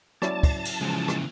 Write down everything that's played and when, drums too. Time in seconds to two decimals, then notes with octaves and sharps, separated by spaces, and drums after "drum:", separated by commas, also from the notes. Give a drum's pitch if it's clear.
0.22 F#3 C#4 E4 D5 A5, drum: rim click
0.43 drum: kick, cymbal
0.65 drum: cymbal
0.81 C#3 E3 F3 G#3
1.08 drum: rim click